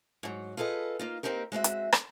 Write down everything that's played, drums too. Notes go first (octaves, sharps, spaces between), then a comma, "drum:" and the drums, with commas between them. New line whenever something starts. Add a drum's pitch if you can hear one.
G#2 F#3
F4 G#4 A4 B4 D#5
A#3 D#4 F4
A#3 C4 D#4 G4 A#4
G#3 C4 F#4 E5
drum: hi-hat
drum: rim click